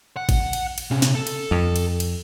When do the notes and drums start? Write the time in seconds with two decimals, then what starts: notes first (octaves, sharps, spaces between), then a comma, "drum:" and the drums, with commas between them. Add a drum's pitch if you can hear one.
0.17 F#5
0.29 drum: kick G#1, cymbal
0.53 drum: cymbal
0.78 drum: cymbal
0.91 C3 C#4
1.02 drum: snare
1.15 A4
1.27 drum: cymbal
1.51 F2
1.76 drum: cymbal
2.00 drum: cymbal